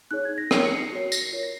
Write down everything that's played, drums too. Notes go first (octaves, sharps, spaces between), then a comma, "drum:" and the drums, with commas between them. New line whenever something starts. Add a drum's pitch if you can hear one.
D#4 G#4 C#5 F#6
G#6
A#6
D#4 A#4 C#5 C7, drum: rim click
C#7
C7
F#4 A#4 C#5 C7
A#6, drum: tambourine
F4 A#4 C#5 C7
A#6